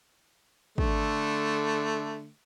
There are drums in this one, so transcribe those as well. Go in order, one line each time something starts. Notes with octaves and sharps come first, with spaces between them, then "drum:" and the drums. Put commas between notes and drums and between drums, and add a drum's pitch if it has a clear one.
D3 A3, drum: kick